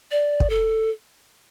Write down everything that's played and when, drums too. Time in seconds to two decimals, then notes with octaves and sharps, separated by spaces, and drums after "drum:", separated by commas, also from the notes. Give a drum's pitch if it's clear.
0.11 D5
0.40 drum: kick
0.50 A4